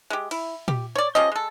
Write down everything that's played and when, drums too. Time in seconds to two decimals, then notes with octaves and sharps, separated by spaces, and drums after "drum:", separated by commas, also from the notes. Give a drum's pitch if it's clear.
0.10 G#3 G4
0.31 E4, drum: cymbal
0.68 G4, drum: tom A#2
0.96 C#5 D5
1.15 F3 C#4 G4 D#5
1.32 G#3 A4